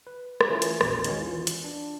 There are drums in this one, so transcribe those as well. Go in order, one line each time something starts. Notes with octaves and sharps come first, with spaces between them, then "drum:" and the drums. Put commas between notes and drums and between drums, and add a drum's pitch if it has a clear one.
B4
drum: rim click
E3 A3 C#4 F4
drum: hi-hat
A#1 E2 B2, drum: rim click
D#3 G#3 C#4 F#4, drum: hi-hat
E3 F4
drum: hi-hat
D4